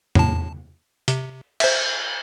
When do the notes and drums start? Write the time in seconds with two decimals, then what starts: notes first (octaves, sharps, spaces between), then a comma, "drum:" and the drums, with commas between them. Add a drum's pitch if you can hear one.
0.15 A2 A5, drum: tom
1.08 C3, drum: hi-hat
1.60 C5 E5, drum: cymbal